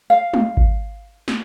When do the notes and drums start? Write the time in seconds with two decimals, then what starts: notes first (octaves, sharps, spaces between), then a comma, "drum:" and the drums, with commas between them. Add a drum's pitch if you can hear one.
0.10 F5
0.34 drum: tom
0.57 drum: kick G#1
1.28 drum: snare